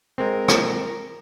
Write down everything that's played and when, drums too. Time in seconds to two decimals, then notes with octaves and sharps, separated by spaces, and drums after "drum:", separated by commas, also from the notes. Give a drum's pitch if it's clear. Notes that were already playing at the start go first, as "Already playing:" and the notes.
0.18 G#3 C4 A#4
0.48 drum: rim click